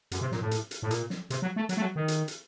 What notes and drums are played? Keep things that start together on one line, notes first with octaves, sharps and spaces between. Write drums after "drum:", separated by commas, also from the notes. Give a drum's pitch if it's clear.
F#2, drum: hi-hat
C3
A#2, drum: snare
A2
drum: hi-hat
drum: hi-hat
A2
A#2, drum: hi-hat
drum: snare
C3, drum: hi-hat
F#3
A3
F#3, drum: hi-hat
A3
F#3
D#3
drum: hi-hat
drum: hi-hat